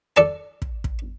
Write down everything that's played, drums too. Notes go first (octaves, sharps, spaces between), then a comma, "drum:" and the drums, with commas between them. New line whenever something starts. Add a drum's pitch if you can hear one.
A4 D5 A5
drum: kick
drum: kick